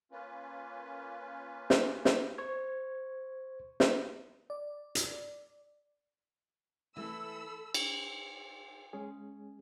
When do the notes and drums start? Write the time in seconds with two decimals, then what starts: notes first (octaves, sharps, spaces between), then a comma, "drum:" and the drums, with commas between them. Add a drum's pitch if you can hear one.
0.12 A#3 C#4 F4 B4
1.70 drum: snare
2.05 drum: snare
2.38 C5 C#6 G#6
3.80 drum: snare
4.50 D5
4.95 drum: hi-hat
6.97 E3 A3 A4 B5 E6
7.74 drum: cymbal
8.93 G#3 C#4 G#4